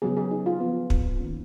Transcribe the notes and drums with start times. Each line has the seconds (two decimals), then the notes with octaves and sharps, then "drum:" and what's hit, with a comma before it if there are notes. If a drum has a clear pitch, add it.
0.02 C#3 F#3 B3 G#4
0.17 G#4
0.31 D#4
0.46 F4
0.60 F3 B3
0.90 drum: kick
1.20 D#3 A#3 C#4